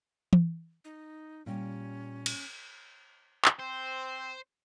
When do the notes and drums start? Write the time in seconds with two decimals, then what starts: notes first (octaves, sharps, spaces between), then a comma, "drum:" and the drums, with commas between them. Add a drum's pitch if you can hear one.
0.33 drum: tom E3
0.85 D#4
1.46 A#2 G3 C#4 G4
2.26 drum: cymbal
3.45 drum: clap
3.60 C4 C5